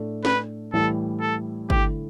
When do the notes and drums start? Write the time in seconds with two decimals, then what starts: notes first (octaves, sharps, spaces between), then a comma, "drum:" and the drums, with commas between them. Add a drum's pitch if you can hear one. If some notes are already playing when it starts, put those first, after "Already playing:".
Already playing: A2 A3 D4
0.25 B4, drum: snare
0.73 A2 E3 G3 E4 A4
1.21 A4
1.70 D3 A3 E4 G4, drum: kick G1